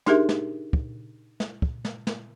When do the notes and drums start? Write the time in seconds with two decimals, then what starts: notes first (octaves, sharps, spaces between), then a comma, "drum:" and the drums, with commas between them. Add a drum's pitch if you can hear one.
0.06 D4 D#4 G4 G#4 A#4 E5, drum: snare
0.29 drum: snare
0.73 drum: kick
1.40 drum: snare
1.62 drum: kick
1.85 drum: snare
2.07 drum: snare